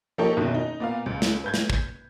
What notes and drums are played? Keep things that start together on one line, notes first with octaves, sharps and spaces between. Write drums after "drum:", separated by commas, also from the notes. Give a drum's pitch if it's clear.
F3 A#3 D#4 G4 A4 C#5
F#1 B2 D#3
D#4
A#2 B3 F5
C#2
drum: snare
B4 G6 G#6
drum: snare
drum: kick